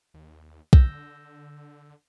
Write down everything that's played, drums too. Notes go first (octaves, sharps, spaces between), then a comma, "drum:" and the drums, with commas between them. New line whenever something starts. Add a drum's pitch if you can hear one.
D#2
D3 E6 G6 A#6, drum: kick B1